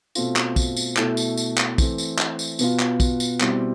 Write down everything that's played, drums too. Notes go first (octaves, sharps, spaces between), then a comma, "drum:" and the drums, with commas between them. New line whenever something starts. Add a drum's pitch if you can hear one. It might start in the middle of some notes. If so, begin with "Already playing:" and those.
B2 A3 C4 F4, drum: tambourine
drum: clap
drum: kick, tambourine
drum: tambourine
B2 A3 E4, drum: clap
drum: tambourine
drum: tambourine
drum: clap
E3 A3 C4, drum: kick, tambourine
drum: tambourine
drum: clap
drum: tambourine
B2 B3 F4, drum: tambourine
drum: clap
drum: kick, tambourine
drum: tambourine
B2 G3 C4 E4, drum: clap